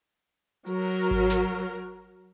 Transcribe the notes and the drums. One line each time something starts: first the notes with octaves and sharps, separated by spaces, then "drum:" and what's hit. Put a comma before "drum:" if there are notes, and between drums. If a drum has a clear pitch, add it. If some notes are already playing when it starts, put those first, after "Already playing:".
F#3 A#4, drum: hi-hat
drum: kick G#1
drum: snare